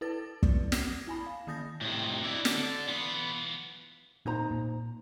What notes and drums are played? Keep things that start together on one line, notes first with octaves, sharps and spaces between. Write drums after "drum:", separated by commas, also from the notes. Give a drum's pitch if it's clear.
E4 A4 B4 A6
D5, drum: kick
D6 D#6 G#6 A#6 C7, drum: snare
E4 G#5 B5
F5
D#3 A#3 D#6 G6 A6 A#6
A2 C3 D4 D#5
E4 D5
A4 D5, drum: snare
E3 B3 F4
A#2 D#4 C5 A#5
A#2